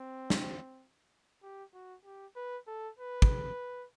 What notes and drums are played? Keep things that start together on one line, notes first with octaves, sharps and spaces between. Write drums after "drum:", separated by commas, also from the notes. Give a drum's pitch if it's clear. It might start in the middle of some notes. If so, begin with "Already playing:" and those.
Already playing: C4
drum: snare
G4
F#4
G4
B4
A4
B4
drum: kick